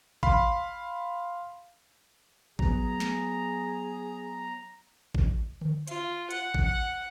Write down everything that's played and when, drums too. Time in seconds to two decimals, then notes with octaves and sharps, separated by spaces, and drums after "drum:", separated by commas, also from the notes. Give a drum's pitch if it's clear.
0.23 F5 B5 C6, drum: kick A1
2.59 F#3 B3 G#4 A#5, drum: kick A1
3.00 drum: snare
5.15 drum: kick A1
5.61 drum: tom D3
5.88 F4, drum: hi-hat
6.31 F#5, drum: hi-hat
6.54 drum: kick A1
6.64 F#5